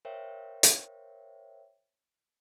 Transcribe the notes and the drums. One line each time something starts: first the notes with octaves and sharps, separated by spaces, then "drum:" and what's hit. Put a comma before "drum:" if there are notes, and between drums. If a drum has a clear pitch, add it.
A#4 C5 C#5 E5 F5 G5
drum: hi-hat